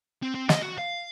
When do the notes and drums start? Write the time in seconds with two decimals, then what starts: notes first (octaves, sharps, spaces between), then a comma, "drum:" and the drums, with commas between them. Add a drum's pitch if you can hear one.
0.23 C4
0.35 C4
0.49 D#5, drum: snare
0.62 F#4
0.78 F5